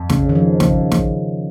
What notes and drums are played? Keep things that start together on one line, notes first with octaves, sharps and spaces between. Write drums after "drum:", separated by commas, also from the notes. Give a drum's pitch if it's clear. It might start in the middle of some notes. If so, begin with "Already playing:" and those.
Already playing: F2
C#3, drum: snare
D#3
F3
C#3, drum: snare
drum: snare